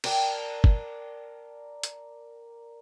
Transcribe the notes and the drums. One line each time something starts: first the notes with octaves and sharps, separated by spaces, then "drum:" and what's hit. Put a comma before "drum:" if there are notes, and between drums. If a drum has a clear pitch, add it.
A#4 D5 G5 A5, drum: cymbal
drum: kick G1
drum: hi-hat